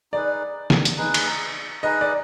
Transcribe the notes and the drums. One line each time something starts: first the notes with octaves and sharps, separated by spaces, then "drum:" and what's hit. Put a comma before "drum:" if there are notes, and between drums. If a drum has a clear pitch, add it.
D#4 G#4 B4 D5
drum: snare
drum: hi-hat
D#4 G#4 B4
drum: cymbal
D#4 G#4 B4 D#5
D5